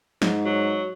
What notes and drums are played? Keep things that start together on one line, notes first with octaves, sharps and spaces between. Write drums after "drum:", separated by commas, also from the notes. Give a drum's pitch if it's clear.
G#2, drum: snare
F#3